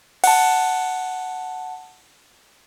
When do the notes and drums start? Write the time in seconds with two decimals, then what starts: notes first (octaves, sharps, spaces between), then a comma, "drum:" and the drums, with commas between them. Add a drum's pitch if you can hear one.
0.24 F#5 A5, drum: cymbal